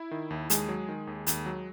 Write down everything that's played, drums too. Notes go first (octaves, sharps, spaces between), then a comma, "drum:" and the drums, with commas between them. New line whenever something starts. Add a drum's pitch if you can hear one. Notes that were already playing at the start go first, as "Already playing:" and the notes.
Already playing: E4
D#3
D#2
D#2 G#3 G#4, drum: hi-hat
F#3
D#3
D#2
D#2, drum: hi-hat
F#3